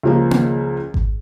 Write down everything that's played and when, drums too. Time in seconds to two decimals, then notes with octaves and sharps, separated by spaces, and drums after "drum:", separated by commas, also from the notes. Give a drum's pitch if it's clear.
0.03 C#2 F3 A#3
0.31 drum: tom A#3
0.94 drum: kick G#1